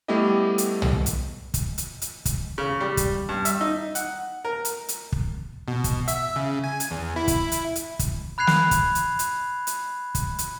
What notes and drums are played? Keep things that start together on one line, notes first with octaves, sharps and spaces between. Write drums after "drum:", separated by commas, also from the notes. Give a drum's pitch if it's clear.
G3 A3 B3 E4 G4 D#5
drum: hi-hat
drum: tom
drum: hi-hat
drum: kick, hi-hat
drum: hi-hat
drum: hi-hat
drum: kick, hi-hat
C#3
G3
drum: kick, hi-hat
G2
E5, drum: hi-hat
D#4
F#5, drum: hi-hat
A#4
drum: hi-hat
drum: hi-hat
drum: kick
B2
drum: kick, hi-hat
E5, drum: hi-hat
C#3
G#5
drum: hi-hat
E2
E4
drum: kick, hi-hat
drum: hi-hat
drum: hi-hat
drum: kick, hi-hat
B5 F#6 G#6 C7 F7
drum: snare
drum: kick, hi-hat
drum: hi-hat
drum: hi-hat
drum: hi-hat
drum: kick, hi-hat
drum: hi-hat